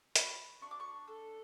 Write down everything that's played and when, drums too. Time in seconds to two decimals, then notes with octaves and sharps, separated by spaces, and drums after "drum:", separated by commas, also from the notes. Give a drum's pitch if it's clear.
0.16 F#4 B5, drum: hi-hat
0.61 D4 C#6
0.71 D6
0.80 C#6
1.08 A4